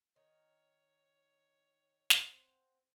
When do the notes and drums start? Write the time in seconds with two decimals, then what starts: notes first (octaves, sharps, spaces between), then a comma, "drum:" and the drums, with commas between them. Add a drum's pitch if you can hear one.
0.16 D#3 C#5
2.10 C4 F#5, drum: snare